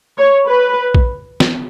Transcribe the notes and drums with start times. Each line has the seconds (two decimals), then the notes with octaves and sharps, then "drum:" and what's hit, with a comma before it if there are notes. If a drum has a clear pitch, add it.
0.18 C#5
0.48 B4
0.95 drum: kick
1.40 drum: snare